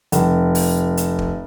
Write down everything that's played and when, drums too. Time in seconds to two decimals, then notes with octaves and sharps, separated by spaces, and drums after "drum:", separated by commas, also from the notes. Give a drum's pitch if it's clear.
0.12 F1, drum: hi-hat
0.55 drum: open hi-hat
0.97 drum: hi-hat
1.19 drum: kick